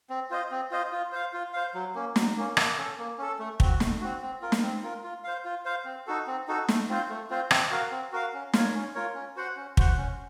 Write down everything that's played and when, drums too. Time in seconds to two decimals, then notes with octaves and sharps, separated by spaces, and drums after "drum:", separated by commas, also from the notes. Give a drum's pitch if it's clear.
0.10 C4
0.31 F4 C5 D#5
0.51 C4
0.71 F4 C5 D#5
0.92 F4
1.12 C5 F5
1.33 F4
1.53 C5 F5
1.74 F#3
1.95 A#3 C#4
2.16 F#3, drum: snare
2.37 A#3 C#4
2.57 A#3, drum: rim click
2.77 C#4 A4
2.98 A#3
3.18 C#4 A4
3.39 A3
3.60 C4 F#4, drum: kick
3.80 A3, drum: snare
4.01 C4 F#4
4.22 C4
4.42 F4 A#4
4.52 drum: snare
4.62 C4
4.83 F4 A#4
5.04 F4
5.24 C5 F5
5.45 F4
5.65 C5 F5
5.85 C4
6.07 D#4 F#4 A4
6.27 C4
6.48 D#4 F#4 A4
6.68 A3, drum: snare
6.89 C4 F4 C5
7.09 A3
7.30 C4 F4 C5
7.51 C4, drum: rim click
7.71 F#4 A#4 F5
7.91 C4
8.12 F#4 A#4 F5
8.33 C#4
8.53 F4 A#4 C#5, drum: snare
8.74 C#4
8.95 F4 A#4 C#5
9.15 C#4
9.36 F#4 C5 F#5
9.56 C#4
9.77 F#4 C5 F#5, drum: kick
9.97 C#4